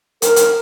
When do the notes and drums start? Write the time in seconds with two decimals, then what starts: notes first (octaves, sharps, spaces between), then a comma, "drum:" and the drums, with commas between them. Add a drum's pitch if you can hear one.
0.22 A#4, drum: hi-hat
0.36 drum: hi-hat